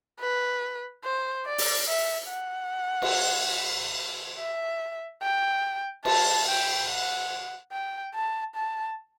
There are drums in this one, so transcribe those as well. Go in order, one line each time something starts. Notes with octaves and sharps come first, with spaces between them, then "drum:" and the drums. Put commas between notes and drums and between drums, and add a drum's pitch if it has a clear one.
B4
C5
D5
drum: open hi-hat
E5
F#5
drum: cymbal
E5
G5
A5, drum: cymbal
G5
F#5
G5
A5
A5